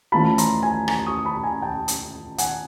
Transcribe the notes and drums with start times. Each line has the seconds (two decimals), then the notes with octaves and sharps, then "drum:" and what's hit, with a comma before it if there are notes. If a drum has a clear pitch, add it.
0.12 E3 A3 C#4 F4 A5 B5
0.38 A#5 C6, drum: hi-hat
0.62 G#5 A#5
0.88 G#5 A#5, drum: rim click
1.06 C#6 D#6
1.25 A5 B5
1.43 G#5 A#5
1.62 G5 A5
1.88 drum: hi-hat
2.38 F#5 G#5, drum: hi-hat